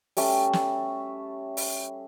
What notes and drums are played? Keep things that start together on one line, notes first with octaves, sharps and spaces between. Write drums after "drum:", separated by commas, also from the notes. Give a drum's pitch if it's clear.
G3 A3 C#4 E5, drum: open hi-hat
drum: snare
drum: open hi-hat